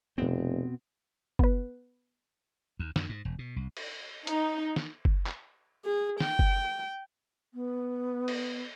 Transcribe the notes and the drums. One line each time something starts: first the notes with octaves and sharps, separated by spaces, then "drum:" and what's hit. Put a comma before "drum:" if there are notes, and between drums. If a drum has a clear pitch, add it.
F1 B2 B3 C4
B3 B4, drum: kick F#1
D#2
F#2, drum: snare
G#2
E1
B2
C2
drum: cymbal
D#4, drum: hi-hat
drum: snare
drum: kick F#1
drum: clap
G#4
G5, drum: snare
drum: kick F#1
B3
drum: cymbal